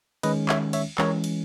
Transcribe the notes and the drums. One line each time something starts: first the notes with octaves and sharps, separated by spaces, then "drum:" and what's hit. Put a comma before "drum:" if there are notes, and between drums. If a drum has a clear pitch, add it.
D#3 G#3 C#4 B4 D#5, drum: cymbal
C#5 E5, drum: clap
C#5 E5, drum: cymbal
E3 G#3 C#4 A#4 C#5, drum: clap
drum: cymbal